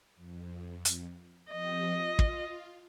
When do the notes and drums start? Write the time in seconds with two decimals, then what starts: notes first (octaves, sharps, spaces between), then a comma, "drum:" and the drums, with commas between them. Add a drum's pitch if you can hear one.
0.16 F2
0.85 drum: hi-hat
1.52 F3 C4 G4 D#5
1.93 F4
2.19 drum: kick